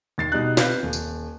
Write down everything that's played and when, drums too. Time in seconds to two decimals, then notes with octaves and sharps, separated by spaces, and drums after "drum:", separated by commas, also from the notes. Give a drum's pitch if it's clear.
0.18 D#2 A6 C7
0.32 B2 G3 D#4 F#6
0.57 C3 B4 F5 G6, drum: snare
0.83 D#1
0.93 drum: tambourine